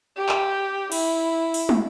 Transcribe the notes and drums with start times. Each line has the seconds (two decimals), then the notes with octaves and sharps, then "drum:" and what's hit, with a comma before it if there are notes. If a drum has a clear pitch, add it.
0.17 G4
0.29 drum: clap
0.92 E4, drum: cymbal
1.54 drum: open hi-hat
1.69 drum: tom